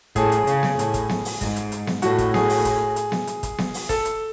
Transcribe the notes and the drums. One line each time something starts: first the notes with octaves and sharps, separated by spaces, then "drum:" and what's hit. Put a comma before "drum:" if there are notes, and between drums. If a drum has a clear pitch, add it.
A2 G#4, drum: kick, hi-hat
drum: hi-hat
C#3, drum: hi-hat
drum: snare B3
A2, drum: hi-hat
drum: kick, hi-hat
drum: snare B3
drum: open hi-hat
G#2, drum: kick, hi-hat
drum: hi-hat
drum: hi-hat
drum: snare B3
A2 F#4, drum: hi-hat
drum: kick, hi-hat
G#4, drum: snare B3
drum: open hi-hat
drum: kick, hi-hat
drum: hi-hat
drum: snare B3
drum: hi-hat
drum: kick, hi-hat
drum: snare B3
drum: open hi-hat
A4, drum: kick, hi-hat
drum: hi-hat